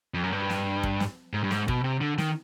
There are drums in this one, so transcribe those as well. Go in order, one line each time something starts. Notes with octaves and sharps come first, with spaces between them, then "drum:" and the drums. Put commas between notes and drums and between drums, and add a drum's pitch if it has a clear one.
F2
F#2
G2
drum: snare
drum: kick
drum: snare
G#2
G2
G#2, drum: snare
B2, drum: kick
C3
D3
D#3, drum: snare